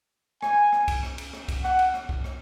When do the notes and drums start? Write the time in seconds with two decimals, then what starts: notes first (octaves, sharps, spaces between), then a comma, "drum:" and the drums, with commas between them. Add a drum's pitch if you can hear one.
0.42 G#5, drum: rim click
0.73 drum: rim click
0.88 drum: kick C2, cymbal
1.03 drum: rim click
1.18 drum: cymbal
1.33 drum: rim click
1.48 drum: kick C2, cymbal
1.64 F#5, drum: rim click
1.79 drum: cymbal
1.94 drum: rim click
2.09 drum: kick C2
2.24 drum: rim click